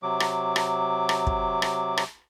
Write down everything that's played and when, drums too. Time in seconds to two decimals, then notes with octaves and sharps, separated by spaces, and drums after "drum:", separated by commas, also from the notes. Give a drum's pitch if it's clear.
0.03 C3 F#3 D6
0.20 drum: rim click
0.56 drum: rim click
1.09 drum: rim click
1.27 drum: kick
1.62 drum: rim click
1.97 drum: rim click